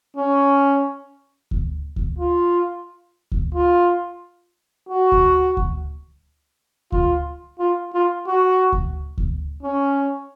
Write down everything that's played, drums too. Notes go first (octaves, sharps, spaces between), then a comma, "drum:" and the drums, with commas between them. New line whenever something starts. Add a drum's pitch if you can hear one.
C#4
drum: kick D2
drum: kick D2
F4
drum: kick D2
F4
F#4
drum: kick D2
drum: kick D2
F4, drum: kick D2
F4
F4
F#4
drum: kick D2
drum: kick D2
C#4